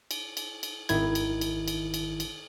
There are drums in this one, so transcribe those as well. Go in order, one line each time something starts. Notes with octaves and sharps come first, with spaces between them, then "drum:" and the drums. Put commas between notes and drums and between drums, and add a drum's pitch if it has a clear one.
drum: cymbal
drum: cymbal
drum: cymbal
G#1 D#3 E4 G#6, drum: cymbal
drum: cymbal
drum: cymbal
drum: cymbal
drum: cymbal
drum: cymbal